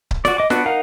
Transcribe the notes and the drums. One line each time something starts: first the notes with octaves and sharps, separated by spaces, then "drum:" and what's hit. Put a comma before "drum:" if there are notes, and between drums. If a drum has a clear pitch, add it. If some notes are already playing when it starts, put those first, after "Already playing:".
drum: kick C#1
F#4 D5, drum: snare
D#5 D6
B3 D4 F#4 F#6, drum: snare
D#4 A#4 F5 F#5